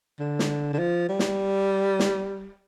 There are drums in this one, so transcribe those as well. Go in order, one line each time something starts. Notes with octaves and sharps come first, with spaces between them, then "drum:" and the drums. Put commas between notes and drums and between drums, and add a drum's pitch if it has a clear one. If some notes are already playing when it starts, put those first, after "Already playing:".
D3
drum: snare
D3
F3
G3
drum: snare
drum: snare